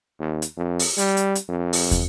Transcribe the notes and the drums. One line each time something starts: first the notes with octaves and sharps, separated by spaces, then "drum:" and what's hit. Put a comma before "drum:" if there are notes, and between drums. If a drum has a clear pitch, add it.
D#2
drum: hi-hat
F2
drum: open hi-hat
G3, drum: hi-hat
drum: hi-hat
drum: hi-hat
F2
drum: open hi-hat
drum: kick, hi-hat